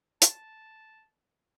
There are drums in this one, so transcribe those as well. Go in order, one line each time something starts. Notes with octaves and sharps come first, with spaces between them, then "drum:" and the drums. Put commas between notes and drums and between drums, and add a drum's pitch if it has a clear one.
A5, drum: hi-hat